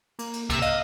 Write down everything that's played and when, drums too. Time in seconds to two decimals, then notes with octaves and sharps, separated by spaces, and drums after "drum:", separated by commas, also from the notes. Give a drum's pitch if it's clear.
0.19 A#3, drum: cymbal
0.34 drum: cymbal
0.50 C3 E6 E7, drum: kick, cymbal
0.62 D#5 F5 F#6, drum: cymbal